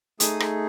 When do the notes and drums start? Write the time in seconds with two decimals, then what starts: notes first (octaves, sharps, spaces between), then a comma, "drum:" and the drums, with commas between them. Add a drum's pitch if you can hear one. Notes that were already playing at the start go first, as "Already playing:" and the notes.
0.20 A3 D#4 G#4 D#6, drum: hi-hat
0.40 drum: rim click